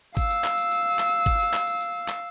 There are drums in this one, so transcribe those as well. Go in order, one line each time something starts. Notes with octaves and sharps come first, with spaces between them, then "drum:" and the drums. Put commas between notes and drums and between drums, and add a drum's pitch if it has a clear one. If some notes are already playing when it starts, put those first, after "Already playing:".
F5 E6, drum: kick, tambourine
drum: tambourine
drum: clap
drum: tambourine
drum: tambourine
drum: clap
drum: kick, tambourine
drum: tambourine
drum: clap
drum: tambourine
drum: tambourine
drum: clap